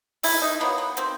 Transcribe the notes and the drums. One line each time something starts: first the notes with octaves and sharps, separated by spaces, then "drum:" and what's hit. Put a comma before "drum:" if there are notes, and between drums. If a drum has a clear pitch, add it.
D#3 E4, drum: open hi-hat
D#4
F#3 A#3 B3
B3
D#3 C4, drum: hi-hat